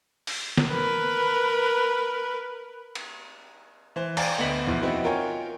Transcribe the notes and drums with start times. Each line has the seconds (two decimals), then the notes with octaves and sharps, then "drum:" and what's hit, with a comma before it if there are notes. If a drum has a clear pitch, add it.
0.27 drum: open hi-hat
0.58 drum: snare
0.72 A#4 B4
2.95 drum: cymbal
3.96 E3 C5
4.17 D5 F5 G5 G#5 A#5 D6, drum: cymbal
4.38 D2 B3 D#5 B6 F#7
4.67 E2 B2 E3 F3 D#4 E4
4.82 B3 C4 D#4 E4 F#4 B4
5.04 F4 A#4 C#5 G5 G#5